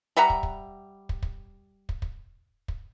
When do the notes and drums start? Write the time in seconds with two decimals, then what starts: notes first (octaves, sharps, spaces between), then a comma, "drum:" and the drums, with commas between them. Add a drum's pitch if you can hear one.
0.17 G3 E5 F#5 A#5
0.30 drum: kick
0.43 drum: kick
1.09 drum: kick
1.23 drum: kick
1.89 drum: kick
2.02 drum: kick
2.68 drum: kick